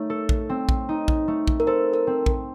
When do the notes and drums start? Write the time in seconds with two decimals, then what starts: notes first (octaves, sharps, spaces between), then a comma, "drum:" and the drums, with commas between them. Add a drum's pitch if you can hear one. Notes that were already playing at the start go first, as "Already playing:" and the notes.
Already playing: A3 D#4 C#5
0.10 A4
0.29 drum: kick A#1
0.49 C4
0.69 drum: kick A#1
0.89 D#4
1.08 drum: kick A#1
1.28 A3
1.48 drum: kick A#1
1.60 A#4
1.67 A4 C5
1.94 A#4
2.07 C4
2.26 drum: kick A#1